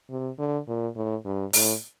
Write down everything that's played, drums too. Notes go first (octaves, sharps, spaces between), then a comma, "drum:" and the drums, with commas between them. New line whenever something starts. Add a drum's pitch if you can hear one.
C3
D3
A#2
A2
G2
A2, drum: open hi-hat